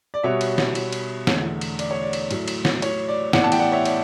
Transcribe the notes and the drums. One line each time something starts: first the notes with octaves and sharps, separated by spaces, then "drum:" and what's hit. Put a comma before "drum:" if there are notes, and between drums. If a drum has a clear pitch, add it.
D5
B2 G3 B3 C#5 E5
drum: cymbal
drum: snare
drum: cymbal
drum: cymbal
E2 D3 A3, drum: snare
drum: cymbal
D5, drum: cymbal
C#5
D5
drum: cymbal
A2 F#3 A3, drum: cymbal
drum: cymbal
drum: snare
C#5, drum: cymbal
D5
A2 E3 B3 D5 F#5, drum: snare
A5
G5, drum: cymbal
D5 F#5
C#5 E5
D5, drum: cymbal